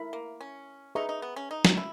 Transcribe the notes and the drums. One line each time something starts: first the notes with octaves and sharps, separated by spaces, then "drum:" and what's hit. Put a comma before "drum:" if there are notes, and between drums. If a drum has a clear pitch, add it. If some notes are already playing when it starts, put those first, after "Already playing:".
Already playing: E4 A#4 E5 B5
A#3
C#4
D#4 G#4 B4 E5 A#5 C#6
D#4
B3
C#4
D#4
drum: snare
E4